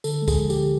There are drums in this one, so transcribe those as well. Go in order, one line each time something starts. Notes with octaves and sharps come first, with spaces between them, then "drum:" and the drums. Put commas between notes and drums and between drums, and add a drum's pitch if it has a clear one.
D3 A4, drum: tambourine
G#3
G#4, drum: kick C#2, tambourine
F3
G4, drum: tambourine
D3